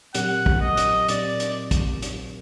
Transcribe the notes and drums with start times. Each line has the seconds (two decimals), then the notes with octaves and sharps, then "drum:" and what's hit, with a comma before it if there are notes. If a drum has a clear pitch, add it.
0.14 A#2 F#3 C4 G4 A#4 F#5, drum: hi-hat
0.46 drum: kick
0.61 D#5
0.77 drum: hi-hat
1.08 A#2 F#3 C4 G4 A#4 D5, drum: hi-hat
1.40 drum: hi-hat
1.71 drum: kick, hi-hat
2.02 drum: hi-hat